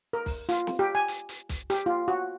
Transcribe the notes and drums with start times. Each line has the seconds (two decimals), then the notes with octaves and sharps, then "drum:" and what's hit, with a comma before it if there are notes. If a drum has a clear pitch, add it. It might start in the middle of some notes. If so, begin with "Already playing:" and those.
0.13 A#4
0.26 drum: kick, open hi-hat
0.49 F4, drum: hi-hat
0.67 drum: snare
0.79 G4
0.95 G#5
1.08 drum: hi-hat
1.29 drum: hi-hat
1.49 drum: kick, hi-hat
1.70 G4, drum: hi-hat
1.86 F4
2.08 F#4